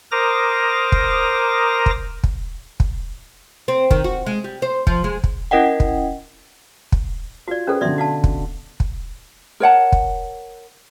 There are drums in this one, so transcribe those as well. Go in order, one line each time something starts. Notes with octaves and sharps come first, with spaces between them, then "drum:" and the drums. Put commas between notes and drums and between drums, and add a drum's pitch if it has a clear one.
A#4 C5 A#5 D6 D#6 A#6
drum: kick
drum: kick
drum: kick
drum: kick
C4
D#3, drum: kick
F#4
G#3
G3
C5
F3, drum: kick
G#3
drum: kick
C#4 E4 A#4 D#5 F#5 G5
drum: kick
drum: kick
F4 F#4 D5
C#4 G#4 A4 B4 C5
B2 D3 D5 E5 C6
F#4 F5 A5
drum: kick
drum: kick
A#4 C#5 F#5 A5
drum: kick